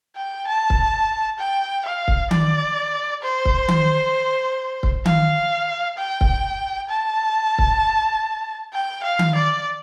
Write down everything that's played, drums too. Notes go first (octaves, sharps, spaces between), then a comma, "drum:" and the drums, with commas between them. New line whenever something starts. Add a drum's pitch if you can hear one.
G5
A5
drum: kick C#1
G5
F5
drum: kick C#1
D5, drum: tom D#3
C5
drum: kick C#1
drum: tom D#3
drum: kick C#1
F5, drum: tom D#3
G5
drum: kick C#1
A5
drum: kick C#1
G5
F5
drum: tom D#3
D5